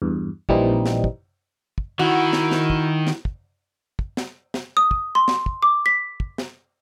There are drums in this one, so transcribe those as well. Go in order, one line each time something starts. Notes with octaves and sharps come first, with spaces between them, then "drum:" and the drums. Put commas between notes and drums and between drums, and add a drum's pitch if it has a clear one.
E2 G2
A#1 A#2 E3 G3 C4 D#4, drum: kick
drum: snare
drum: kick
drum: kick
D#3 E4 F#4
drum: snare
drum: snare
drum: kick
drum: snare
drum: kick
drum: kick
drum: snare
drum: snare
D#6
drum: kick
C6
drum: snare
drum: kick
D6
B6
drum: kick
drum: snare